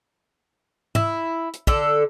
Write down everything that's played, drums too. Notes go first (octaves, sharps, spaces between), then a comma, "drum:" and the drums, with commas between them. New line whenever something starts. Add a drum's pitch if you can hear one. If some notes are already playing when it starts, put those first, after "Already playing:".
E4, drum: tom G#2
drum: hi-hat
D3 A4, drum: kick